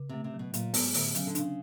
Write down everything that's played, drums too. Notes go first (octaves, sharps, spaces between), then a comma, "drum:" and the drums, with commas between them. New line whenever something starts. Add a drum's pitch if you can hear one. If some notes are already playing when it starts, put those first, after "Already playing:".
Already playing: C#3
C3 A3
C3
F#3
B2
A#2 F#3, drum: hi-hat
G#2 B3, drum: open hi-hat
A2 D3, drum: open hi-hat
C#3 F#3, drum: hi-hat
D3
C#3 D4, drum: hi-hat